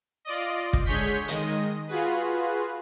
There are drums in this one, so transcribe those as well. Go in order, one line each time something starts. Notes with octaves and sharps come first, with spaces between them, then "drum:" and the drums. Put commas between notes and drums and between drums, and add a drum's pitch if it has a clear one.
F4 D5 D#5
drum: kick
D3 G#3 G#4 C#5 G6 B6
D#3 G#3 D#5, drum: hi-hat
F4 F#4 G#4 B4